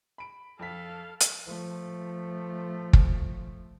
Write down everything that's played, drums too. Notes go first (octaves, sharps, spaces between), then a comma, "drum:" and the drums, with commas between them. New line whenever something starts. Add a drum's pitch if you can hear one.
B5 D7
F2 A4 F5 B6
drum: hi-hat
F3 A3
drum: kick